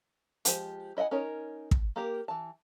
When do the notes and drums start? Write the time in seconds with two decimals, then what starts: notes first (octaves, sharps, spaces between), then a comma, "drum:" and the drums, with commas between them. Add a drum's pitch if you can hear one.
0.45 F3 G#3 G4 C5, drum: hi-hat
0.97 E4 D#5 E5 F#5 G#5
1.11 C#4 D#4 A#4 C#5
1.71 drum: kick
1.96 A#3 G4 A#4
2.28 E3 A5